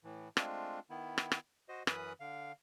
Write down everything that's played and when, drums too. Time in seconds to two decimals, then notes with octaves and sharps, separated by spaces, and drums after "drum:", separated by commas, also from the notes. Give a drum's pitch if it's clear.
0.04 A2 E3
0.37 G#3 A3 C4 D4 F4, drum: rim click
0.90 D#3 B3 E4
1.18 drum: rim click
1.32 drum: rim click
1.69 F#4 C5 D#5
1.87 F#2 E3 C#4 B4 B5 D#6, drum: rim click
2.20 D3 F5